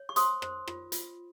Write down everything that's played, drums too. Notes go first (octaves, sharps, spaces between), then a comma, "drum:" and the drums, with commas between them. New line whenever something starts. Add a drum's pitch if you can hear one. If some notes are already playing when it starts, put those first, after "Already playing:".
Already playing: C#5
C#6
C5 C6 D#6, drum: hi-hat
C5, drum: rim click
F4, drum: rim click
F4, drum: hi-hat